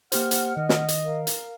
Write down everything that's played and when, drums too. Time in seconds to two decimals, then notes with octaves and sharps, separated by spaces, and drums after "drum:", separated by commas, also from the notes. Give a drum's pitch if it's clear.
0.12 A#3 G4 C5 F#5 F6, drum: hi-hat
0.31 drum: hi-hat
0.57 D#3 D#5
0.69 drum: snare
0.88 drum: hi-hat
1.04 A#4 F5
1.27 drum: hi-hat